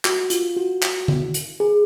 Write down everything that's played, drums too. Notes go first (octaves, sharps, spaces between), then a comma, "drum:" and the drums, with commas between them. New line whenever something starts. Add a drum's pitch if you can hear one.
F#4, drum: clap
F4, drum: hi-hat
F#4
drum: clap
drum: tom D3
drum: hi-hat
G#4